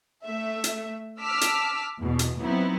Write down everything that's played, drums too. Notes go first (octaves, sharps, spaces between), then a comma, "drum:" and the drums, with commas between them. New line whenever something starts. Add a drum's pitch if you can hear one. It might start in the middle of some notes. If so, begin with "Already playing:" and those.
A3 E5
drum: hi-hat
A5 D6 E6 F6 B6
drum: hi-hat
E2 B2
drum: hi-hat
F#3 B3 C4 D#4 E4